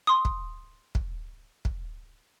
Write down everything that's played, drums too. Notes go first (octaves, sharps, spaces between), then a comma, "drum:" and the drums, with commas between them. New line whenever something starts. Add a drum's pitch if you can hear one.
C6 D#6
drum: kick
drum: kick
drum: kick